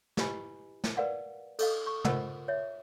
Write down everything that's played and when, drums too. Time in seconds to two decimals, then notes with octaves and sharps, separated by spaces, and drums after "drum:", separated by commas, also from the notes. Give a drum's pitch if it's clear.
0.17 E4 G4 B4 D#5 G#5 B5, drum: snare
0.84 drum: snare
0.97 A#4 B4 D5 F5 F#5
1.59 A4 D#5 F5, drum: cymbal
1.86 C#6
2.05 F4 A#4 C5 D#5 F#5 E6, drum: tom
2.48 C#5 E5